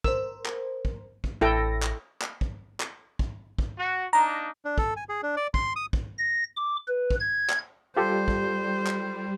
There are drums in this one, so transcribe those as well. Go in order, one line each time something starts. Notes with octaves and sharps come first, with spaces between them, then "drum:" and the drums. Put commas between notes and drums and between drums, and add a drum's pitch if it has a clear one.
A#4 C5 E6, drum: kick
drum: clap
drum: kick
drum: kick
A1 E4 A4 G5 A#6
drum: clap
drum: clap
drum: kick
drum: clap
drum: kick
drum: kick
F#4
A#3 D4 D#4 A#5
D4
A4, drum: kick
G#5
G#4
D4
D5
C6, drum: kick
D#6
drum: kick
A#6
D6
B4
drum: kick
G#6
drum: clap
G3 F4 G4 A4 C5
drum: kick
drum: clap